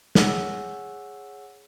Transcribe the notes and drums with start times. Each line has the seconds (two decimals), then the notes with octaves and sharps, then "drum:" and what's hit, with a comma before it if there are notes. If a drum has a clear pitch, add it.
0.15 G#4 C#5 F#5 G#5 E6, drum: snare